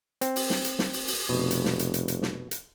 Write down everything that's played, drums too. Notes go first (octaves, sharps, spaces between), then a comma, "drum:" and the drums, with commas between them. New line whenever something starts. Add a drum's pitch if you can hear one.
C4, drum: hi-hat
drum: open hi-hat
drum: snare
drum: hi-hat
drum: snare
drum: open hi-hat
drum: open hi-hat
F1 B2
drum: hi-hat
drum: snare
drum: hi-hat
drum: hi-hat
drum: hi-hat
drum: snare
drum: hi-hat